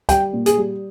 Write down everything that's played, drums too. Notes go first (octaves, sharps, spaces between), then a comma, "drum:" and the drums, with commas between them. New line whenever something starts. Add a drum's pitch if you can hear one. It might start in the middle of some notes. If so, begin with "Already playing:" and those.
G3 G5, drum: kick, hi-hat
A#2
G#4, drum: hi-hat
G3